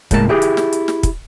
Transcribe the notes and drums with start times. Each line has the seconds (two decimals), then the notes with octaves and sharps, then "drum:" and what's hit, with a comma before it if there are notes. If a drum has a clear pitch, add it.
0.11 C#2 A2 G#3 A#3 A4 A5, drum: kick, hi-hat
0.29 E4 G4 G#4
0.42 drum: hi-hat
0.57 drum: snare
0.73 drum: hi-hat
0.88 drum: snare
1.03 drum: kick, hi-hat